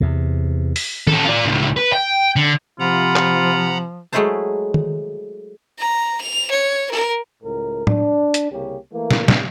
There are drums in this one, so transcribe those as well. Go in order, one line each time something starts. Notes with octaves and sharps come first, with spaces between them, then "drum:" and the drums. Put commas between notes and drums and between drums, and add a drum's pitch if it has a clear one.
E2 C3
drum: open hi-hat
C#4 A4, drum: tom D#3
F4 D5
C#2 A2
B4
G5
D3
C3 F3 F4 F#5 A#5 B5
drum: clap
F#3 G#3 A3 E4 C5 A5
drum: tom D#3
A#5
F7
C#5
A#4
C#2 A2 A#4
D4, drum: tom A2
drum: hi-hat
C2 C#3 A#3 C#4 G4
E3 A3 A#3
drum: snare
drum: snare